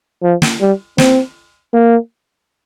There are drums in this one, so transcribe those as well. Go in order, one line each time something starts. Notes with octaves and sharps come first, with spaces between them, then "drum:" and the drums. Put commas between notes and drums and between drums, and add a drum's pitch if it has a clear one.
F3
drum: snare
G3
C4, drum: snare
A#3